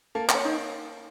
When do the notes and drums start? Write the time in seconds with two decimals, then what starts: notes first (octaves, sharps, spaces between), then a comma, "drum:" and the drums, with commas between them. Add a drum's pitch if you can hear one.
0.15 A#3 A4
0.29 F#5, drum: clap
0.34 C#5
0.45 D#4